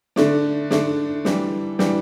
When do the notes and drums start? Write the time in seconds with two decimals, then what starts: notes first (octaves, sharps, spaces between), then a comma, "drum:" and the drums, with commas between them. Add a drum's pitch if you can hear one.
0.16 D3 A3 D4, drum: snare
0.71 D3 A3 D4, drum: snare
1.25 E3 G3 D4, drum: snare
1.79 E3 G3 D4, drum: snare